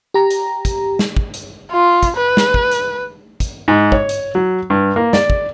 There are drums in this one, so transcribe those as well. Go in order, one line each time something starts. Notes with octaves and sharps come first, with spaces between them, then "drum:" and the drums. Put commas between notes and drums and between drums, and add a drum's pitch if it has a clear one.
G4 A#5
drum: hi-hat
drum: kick, hi-hat
drum: snare
drum: kick
drum: hi-hat
F4
drum: kick, hi-hat
B4
drum: snare
drum: kick
drum: hi-hat
drum: kick, hi-hat
G#2
C#5, drum: kick
drum: hi-hat
F#3
G2
A#3
D5, drum: snare
drum: kick